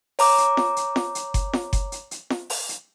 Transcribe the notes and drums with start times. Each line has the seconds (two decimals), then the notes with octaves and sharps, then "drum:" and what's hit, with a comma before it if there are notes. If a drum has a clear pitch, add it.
0.19 C#5 A#5 D6, drum: open hi-hat
0.38 drum: hi-hat
0.57 drum: snare
0.76 drum: hi-hat
0.96 drum: snare
1.15 drum: hi-hat
1.34 drum: kick F#1, hi-hat
1.53 drum: snare
1.73 drum: kick F#1, hi-hat
1.92 drum: hi-hat
2.11 drum: hi-hat
2.30 drum: snare
2.50 drum: open hi-hat
2.69 drum: hi-hat